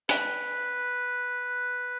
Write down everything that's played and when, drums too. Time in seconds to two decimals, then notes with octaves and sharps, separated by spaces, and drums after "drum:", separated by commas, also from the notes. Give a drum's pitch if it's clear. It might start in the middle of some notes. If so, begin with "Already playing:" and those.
0.09 B4, drum: hi-hat